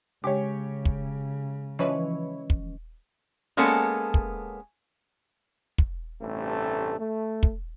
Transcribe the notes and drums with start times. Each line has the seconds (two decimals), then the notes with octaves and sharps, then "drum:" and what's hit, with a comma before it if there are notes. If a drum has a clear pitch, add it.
0.24 C#3 G#3 G4 C#5
0.85 drum: kick
1.79 E3 F3 C#4 E4 B4 C#5 D#5
2.50 drum: kick
3.57 G#3 A#3 B3 C#4 A4
4.14 drum: kick
5.78 drum: kick
6.21 A1 G2 C3 A3 A4
7.00 A3
7.43 drum: kick